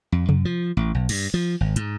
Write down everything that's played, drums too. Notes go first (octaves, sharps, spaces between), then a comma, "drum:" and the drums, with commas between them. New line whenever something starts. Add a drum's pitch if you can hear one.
F2
F#2, drum: tom C3
F3
A1
B1
G2, drum: cymbal
F3
G#1
G#2, drum: hi-hat